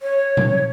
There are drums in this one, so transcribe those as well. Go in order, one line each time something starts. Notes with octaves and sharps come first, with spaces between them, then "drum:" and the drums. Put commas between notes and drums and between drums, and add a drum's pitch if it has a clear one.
C#5
drum: tom A#2